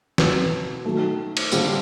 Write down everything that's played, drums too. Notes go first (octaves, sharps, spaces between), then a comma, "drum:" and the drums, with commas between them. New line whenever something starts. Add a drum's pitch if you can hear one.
B2 F#3 B3, drum: snare
D#3 F#3 A3
drum: cymbal
D3 G3 C4 F4, drum: tambourine